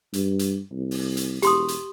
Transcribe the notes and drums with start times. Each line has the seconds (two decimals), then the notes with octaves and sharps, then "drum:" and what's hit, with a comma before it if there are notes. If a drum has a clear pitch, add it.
0.13 G2, drum: hi-hat
0.39 drum: hi-hat
0.71 C2
0.91 drum: open hi-hat
1.17 drum: hi-hat
1.42 E1 G4 C6 D#6, drum: hi-hat
1.68 drum: hi-hat